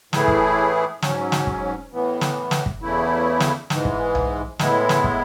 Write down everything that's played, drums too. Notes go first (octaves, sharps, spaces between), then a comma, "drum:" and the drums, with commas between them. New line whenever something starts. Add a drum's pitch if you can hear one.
A2 E3 A3 E4 G#4, drum: snare
drum: kick
G#2 F#3 C#4, drum: snare
drum: snare
drum: kick
A2 E3 B3
drum: snare
drum: snare
drum: kick
E2 C#3 E3 A3 E4
drum: snare
G#2 E3 G#3, drum: snare
drum: kick
drum: tom B1
A2 G#3 B3 E4, drum: snare
drum: snare
drum: kick